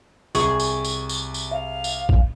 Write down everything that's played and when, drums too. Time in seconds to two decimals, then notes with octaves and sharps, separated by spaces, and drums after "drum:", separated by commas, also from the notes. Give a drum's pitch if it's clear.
0.35 C2 G#4 C#6, drum: tambourine
0.60 drum: tambourine
0.85 drum: tambourine
1.09 drum: tambourine
1.34 drum: tambourine
1.51 E5 F5
1.84 drum: tambourine
2.09 drum: kick